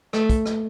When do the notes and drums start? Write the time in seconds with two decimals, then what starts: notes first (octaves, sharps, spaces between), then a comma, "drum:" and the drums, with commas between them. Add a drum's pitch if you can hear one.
0.13 A3, drum: rim click
0.29 drum: kick, hi-hat
0.46 drum: rim click